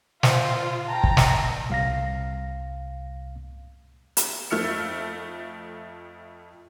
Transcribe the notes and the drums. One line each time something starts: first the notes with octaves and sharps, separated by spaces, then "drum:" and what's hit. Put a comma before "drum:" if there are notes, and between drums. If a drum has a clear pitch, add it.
F4 C5, drum: snare
G5 A5 A#5
drum: kick
drum: snare
C2 F5 A#6
drum: hi-hat
F2 F3 A3 E6 F6 C#7